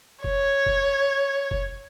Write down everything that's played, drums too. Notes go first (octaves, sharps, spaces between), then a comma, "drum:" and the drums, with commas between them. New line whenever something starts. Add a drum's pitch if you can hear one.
C#5, drum: kick F1
drum: kick F1
drum: kick F1